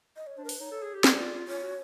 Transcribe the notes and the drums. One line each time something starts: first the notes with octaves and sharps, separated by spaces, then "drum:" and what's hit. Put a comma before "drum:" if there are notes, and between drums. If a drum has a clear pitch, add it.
D#5
C#5
D4 C5
A#4
B4, drum: open hi-hat
D#4 C#5
A4
G#4
G4
G#4 D5, drum: snare
F4
F4
F4 C#5
F#4